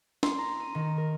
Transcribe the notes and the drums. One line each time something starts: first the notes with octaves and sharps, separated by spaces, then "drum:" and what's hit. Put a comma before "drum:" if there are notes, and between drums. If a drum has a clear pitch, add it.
C6, drum: snare
A#5
D#7
D#3
A#4